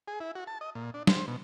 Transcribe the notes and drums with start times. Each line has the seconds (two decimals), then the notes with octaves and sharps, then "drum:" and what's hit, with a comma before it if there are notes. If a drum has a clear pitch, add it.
0.08 G#4
0.20 E4
0.35 F#4
0.47 A5
0.61 D#5
0.75 A#2
0.94 D4
1.07 C5, drum: snare
1.28 B2